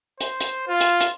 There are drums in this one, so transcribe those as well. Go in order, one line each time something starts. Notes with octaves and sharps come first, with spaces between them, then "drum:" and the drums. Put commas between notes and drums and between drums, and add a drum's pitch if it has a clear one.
C5, drum: hi-hat
drum: hi-hat
F4
drum: hi-hat
drum: hi-hat